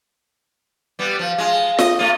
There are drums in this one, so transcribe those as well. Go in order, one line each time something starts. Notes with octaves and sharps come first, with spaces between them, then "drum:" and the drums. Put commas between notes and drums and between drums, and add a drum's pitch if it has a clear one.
G3 B3
F3
G#3 F4
D#5, drum: snare F4
A3 F4